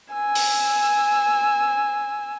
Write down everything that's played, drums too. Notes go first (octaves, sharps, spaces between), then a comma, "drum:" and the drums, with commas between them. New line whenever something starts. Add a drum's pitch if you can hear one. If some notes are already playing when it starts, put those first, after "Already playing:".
G#5 E6
drum: open hi-hat